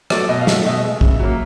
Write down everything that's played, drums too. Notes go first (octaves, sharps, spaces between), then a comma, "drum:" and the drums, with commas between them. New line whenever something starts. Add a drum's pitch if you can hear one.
F#3 A3 D5, drum: rim click
B2 D#5
F5
F#3 A3 E5, drum: snare
B2 D#5
G#3 E5
C#3, drum: kick
F#3 A#3